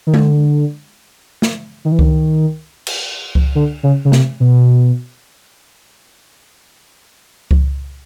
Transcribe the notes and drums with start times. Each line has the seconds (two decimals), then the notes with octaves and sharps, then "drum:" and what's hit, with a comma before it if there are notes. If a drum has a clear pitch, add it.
0.07 D#3
0.14 D3, drum: tom G#3
1.42 drum: snare
1.85 D#3
1.92 E3
1.99 D#3, drum: kick C#2
2.87 drum: cymbal
3.35 drum: kick C#2
3.55 D3
3.83 C#3
4.05 C#3
4.12 C3, drum: snare
4.40 B2
7.51 drum: kick C#2